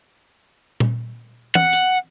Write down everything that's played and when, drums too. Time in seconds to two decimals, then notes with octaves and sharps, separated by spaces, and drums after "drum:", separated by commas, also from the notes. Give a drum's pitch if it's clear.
0.80 drum: tom A#2
1.55 F#5, drum: tom
1.73 drum: hi-hat